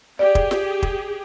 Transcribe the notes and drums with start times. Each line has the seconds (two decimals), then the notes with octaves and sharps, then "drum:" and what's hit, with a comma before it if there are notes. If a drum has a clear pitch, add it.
0.19 G4 G#4 D5
0.35 drum: kick
0.51 drum: snare
0.83 drum: kick